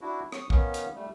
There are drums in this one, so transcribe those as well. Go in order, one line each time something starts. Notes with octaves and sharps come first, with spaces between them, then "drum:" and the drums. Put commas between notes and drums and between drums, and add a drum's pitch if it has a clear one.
D4 E4 F#4
C#6 D#6, drum: rim click
D#3 A#3 B3 C#4, drum: kick
drum: hi-hat
G3 A3